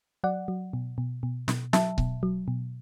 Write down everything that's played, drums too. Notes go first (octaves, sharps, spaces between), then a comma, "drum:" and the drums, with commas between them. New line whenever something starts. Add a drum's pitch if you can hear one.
F#3 D5 F#5
F#3
B2
B2
B2
B2, drum: snare
F#3 E5 A5, drum: snare
B2, drum: kick C#1
F#3
B2